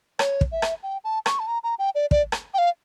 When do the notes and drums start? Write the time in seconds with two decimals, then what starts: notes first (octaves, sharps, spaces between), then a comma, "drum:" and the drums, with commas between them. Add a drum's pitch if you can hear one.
0.19 C#5, drum: rim click
0.41 drum: kick
0.52 E5
0.62 drum: rim click
0.83 G5
1.04 A5
1.26 C#6, drum: rim click
1.39 A5
1.47 A#5
1.64 A#5
1.79 G5
1.95 D5
2.11 D5, drum: kick
2.32 drum: rim click
2.54 G5
2.58 F5